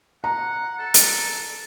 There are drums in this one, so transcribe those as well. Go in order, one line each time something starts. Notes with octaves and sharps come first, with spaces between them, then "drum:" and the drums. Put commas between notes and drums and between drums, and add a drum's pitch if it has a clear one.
F#5 A#5
A4
drum: hi-hat